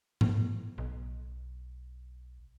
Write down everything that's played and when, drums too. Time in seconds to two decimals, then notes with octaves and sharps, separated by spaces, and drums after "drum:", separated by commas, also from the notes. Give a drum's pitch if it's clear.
0.21 A2, drum: tom G#2
0.78 B1